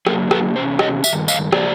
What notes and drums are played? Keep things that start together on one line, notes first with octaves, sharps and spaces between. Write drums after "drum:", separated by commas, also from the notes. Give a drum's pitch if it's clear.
F#2 D3 F#3 A#3 G#4 A#4, drum: rim click
A4 B4, drum: rim click
E2 C3 C#4 C5
C#5 D#5, drum: rim click
G2 D#3 E5, drum: tambourine
D#5 F5, drum: tambourine
C#3 F3 A#3 C5 D5, drum: rim click